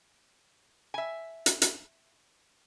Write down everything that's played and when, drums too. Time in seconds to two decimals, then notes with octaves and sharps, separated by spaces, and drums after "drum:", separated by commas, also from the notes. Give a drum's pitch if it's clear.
0.94 E5 G#5
1.46 drum: hi-hat
1.62 drum: hi-hat